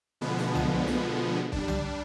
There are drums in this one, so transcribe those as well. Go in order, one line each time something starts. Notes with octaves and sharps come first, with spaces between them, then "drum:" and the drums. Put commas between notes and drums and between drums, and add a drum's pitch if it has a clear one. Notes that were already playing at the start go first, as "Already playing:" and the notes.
B2 D3 F3 G#3 B3
drum: snare
drum: tom C2
drum: snare
G3 D4, drum: kick
drum: tom C2